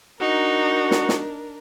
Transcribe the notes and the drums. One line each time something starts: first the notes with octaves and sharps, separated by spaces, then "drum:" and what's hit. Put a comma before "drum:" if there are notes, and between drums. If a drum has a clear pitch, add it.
D4 D#4 F#4 A#4
drum: snare
drum: snare